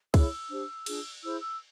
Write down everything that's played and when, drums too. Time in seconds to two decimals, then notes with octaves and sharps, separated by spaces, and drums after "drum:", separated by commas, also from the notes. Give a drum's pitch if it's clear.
0.14 E4 G#4 C#5 E6, drum: kick C#2, cymbal
0.51 D4 G4 C5
0.86 D4 F4 G#4, drum: cymbal
1.23 E4 G#4 C5 E6
1.41 E6